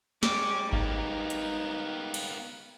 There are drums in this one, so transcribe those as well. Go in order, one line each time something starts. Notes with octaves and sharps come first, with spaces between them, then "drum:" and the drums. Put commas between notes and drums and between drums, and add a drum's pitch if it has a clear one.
G3 G#3 C#4 D6, drum: snare
A#3 B3 D#4, drum: kick G#1
drum: hi-hat
drum: cymbal